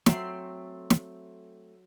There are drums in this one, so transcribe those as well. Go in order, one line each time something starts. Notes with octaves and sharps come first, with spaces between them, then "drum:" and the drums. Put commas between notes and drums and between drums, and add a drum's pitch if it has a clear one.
F#3 A3 C4 C6, drum: snare
drum: snare